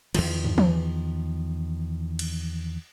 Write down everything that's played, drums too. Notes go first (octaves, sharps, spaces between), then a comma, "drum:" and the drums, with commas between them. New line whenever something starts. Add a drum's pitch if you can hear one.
E2 D#3 F3, drum: cymbal
drum: tom
drum: tom E3
drum: cymbal